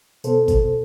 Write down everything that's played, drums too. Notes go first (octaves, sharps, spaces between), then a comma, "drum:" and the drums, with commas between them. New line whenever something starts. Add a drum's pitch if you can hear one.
B2 B3 A4 C5, drum: tambourine
drum: kick, tambourine